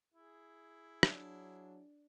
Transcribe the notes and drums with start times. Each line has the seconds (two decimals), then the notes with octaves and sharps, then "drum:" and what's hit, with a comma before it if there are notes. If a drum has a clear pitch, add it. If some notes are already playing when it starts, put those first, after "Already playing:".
0.14 E4 G#4
1.03 F#3 D4, drum: rim click